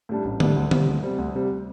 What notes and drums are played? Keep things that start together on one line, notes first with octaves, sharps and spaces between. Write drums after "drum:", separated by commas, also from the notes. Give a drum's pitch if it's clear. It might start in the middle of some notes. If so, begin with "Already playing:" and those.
A2 G3 D4
A1
A2 G3 D4, drum: tom D3
D2
C3 G3, drum: tom D3
D2
C3 G3
D2
C3 G3